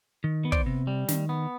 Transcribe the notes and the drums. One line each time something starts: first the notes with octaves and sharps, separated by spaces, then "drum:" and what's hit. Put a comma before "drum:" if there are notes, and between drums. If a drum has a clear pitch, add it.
D#3
B3
C5 D5, drum: kick
C3
G3
D#3, drum: snare
B3